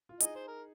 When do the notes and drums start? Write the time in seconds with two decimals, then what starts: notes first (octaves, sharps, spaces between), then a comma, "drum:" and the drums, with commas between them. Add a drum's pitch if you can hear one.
0.09 F4
0.20 D#4 G#4 D#5, drum: hi-hat
0.35 C5
0.48 A#4